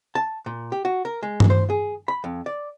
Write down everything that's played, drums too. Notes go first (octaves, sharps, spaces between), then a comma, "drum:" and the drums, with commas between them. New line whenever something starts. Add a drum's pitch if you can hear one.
A5
A#2
G4
F#4
A#4
G#3
drum: tom G2
C5
G#4
B5
F2
D5